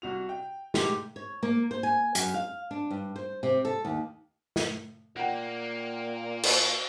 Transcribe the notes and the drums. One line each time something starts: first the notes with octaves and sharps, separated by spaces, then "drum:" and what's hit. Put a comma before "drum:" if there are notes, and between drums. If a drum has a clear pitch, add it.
C2 F#4 F7
G5
G#2 G4, drum: snare
C#5
A#3
C5
G#5
F#2, drum: hi-hat
F5
D4
G2
C5
C3
A4
D#2
drum: snare
A#2 A#3 F#5 G5
drum: cymbal